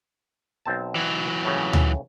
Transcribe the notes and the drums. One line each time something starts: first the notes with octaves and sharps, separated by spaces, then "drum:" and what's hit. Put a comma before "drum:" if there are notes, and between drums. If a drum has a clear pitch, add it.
B1 C4 A5
E3 F#3
A2 C#3
drum: tom D2